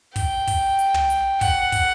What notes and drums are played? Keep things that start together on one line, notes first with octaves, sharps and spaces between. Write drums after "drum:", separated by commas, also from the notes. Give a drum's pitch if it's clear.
G5, drum: kick, open hi-hat
drum: kick, open hi-hat
drum: hi-hat
drum: tom
drum: hi-hat
F#5, drum: kick, open hi-hat
drum: kick, open hi-hat